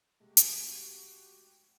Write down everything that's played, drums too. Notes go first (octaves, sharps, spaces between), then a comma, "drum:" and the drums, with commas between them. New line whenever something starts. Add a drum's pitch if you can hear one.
C3 G#3 A3 F#4 G4
drum: hi-hat